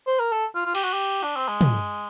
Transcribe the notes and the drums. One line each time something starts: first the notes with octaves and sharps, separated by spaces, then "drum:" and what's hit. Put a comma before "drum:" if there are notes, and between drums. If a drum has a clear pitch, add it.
C5
A#4
A4
F4
F4
G4, drum: cymbal
F#4
G4
D4
C4
G#3
drum: tom